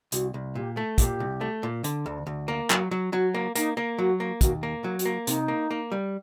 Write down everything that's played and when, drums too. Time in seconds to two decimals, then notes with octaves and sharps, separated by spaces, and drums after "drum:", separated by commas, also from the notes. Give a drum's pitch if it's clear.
0.12 C2 F#4, drum: hi-hat
0.34 C2
0.55 A#2 G4
0.77 A3
0.98 A#2 G4, drum: kick, hi-hat
1.20 C2
1.41 A3
1.63 A#2
1.84 D3, drum: hi-hat
2.06 D2
2.27 D2
2.48 A#3
2.70 F#3 F#4, drum: clap
2.91 F#3
3.13 F#3 F#4
3.34 A#3
3.55 A#3 D#4, drum: hi-hat
3.77 A#3
3.98 F#3 F#4
4.20 A#3
4.41 D#2 F#4, drum: kick, hi-hat
4.63 A#3
4.84 F#3
4.99 F#4, drum: hi-hat
5.05 A#3
5.27 C3 D#4, drum: hi-hat
5.48 A#3
5.71 A#3
5.92 G3